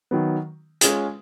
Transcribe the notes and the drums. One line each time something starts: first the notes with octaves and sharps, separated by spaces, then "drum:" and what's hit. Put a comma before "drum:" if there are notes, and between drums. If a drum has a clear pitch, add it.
D#3 F#3 B3
G#3 C#4 F4 G#4, drum: hi-hat